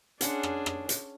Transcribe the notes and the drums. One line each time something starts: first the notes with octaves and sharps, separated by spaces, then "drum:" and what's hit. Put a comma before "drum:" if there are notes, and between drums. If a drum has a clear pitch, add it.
C#4 D4 G#4 F#5 C6, drum: hi-hat
drum: rim click
drum: rim click
drum: hi-hat